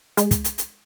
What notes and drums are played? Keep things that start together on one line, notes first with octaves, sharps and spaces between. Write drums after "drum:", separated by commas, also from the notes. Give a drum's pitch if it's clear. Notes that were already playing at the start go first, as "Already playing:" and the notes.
G#3, drum: hi-hat
drum: kick, hi-hat
drum: hi-hat
drum: hi-hat